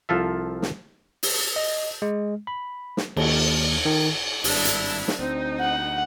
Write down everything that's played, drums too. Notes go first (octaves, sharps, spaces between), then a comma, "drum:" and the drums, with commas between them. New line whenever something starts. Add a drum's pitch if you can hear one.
C2 F3 F4 A4 E5
drum: snare
drum: open hi-hat
D#5
G#3
B5
drum: snare
D#2, drum: cymbal
D#3
G#1 G2 D4 E4, drum: open hi-hat
drum: hi-hat
drum: snare
D2 C4 D#4
F#5